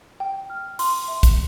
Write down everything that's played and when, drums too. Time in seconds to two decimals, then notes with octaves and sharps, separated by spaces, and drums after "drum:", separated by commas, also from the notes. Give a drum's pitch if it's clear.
0.20 G5
0.50 F6
0.79 C6, drum: open hi-hat
1.08 E5
1.23 drum: kick, hi-hat